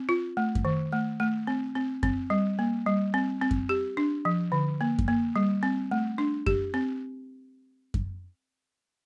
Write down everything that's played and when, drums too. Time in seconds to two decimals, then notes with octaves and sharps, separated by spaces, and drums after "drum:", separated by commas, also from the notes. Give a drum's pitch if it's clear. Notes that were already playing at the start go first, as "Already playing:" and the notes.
Already playing: C4
0.09 F4
0.37 A3
0.55 drum: kick F#2
0.65 D#3
0.92 A3
1.20 A3
1.47 C4
1.75 C4
2.03 C4, drum: kick F#2
2.30 G3
2.59 A#3
2.86 G3
3.14 C4
3.42 C4
3.51 drum: kick F#2
3.69 G4
3.97 D4
4.25 F3
4.52 D3
4.81 A#3
4.99 drum: kick F#2
5.08 A#3
5.36 G3
5.63 C4
5.91 A3
6.18 D4
6.46 G4, drum: kick F#2
6.74 C4
7.94 drum: kick F#2